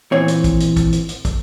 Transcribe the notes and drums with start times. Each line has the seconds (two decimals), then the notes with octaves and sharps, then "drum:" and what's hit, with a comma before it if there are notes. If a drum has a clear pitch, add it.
0.12 A#2 E3 C4 C#5
0.28 drum: hi-hat
0.44 drum: kick, hi-hat
0.60 drum: hi-hat
0.76 drum: kick, hi-hat
0.93 drum: hi-hat
1.09 drum: hi-hat
1.25 drum: kick, hi-hat